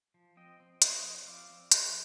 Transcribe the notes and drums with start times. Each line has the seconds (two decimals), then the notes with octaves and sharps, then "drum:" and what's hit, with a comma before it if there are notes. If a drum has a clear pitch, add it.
0.14 F3
0.37 C4 D#5 G5
0.60 C4
0.82 F3 C5 D#5, drum: hi-hat
1.05 F3
1.27 C4 D5 F5
1.49 C4
1.72 F3 D#5 G5, drum: hi-hat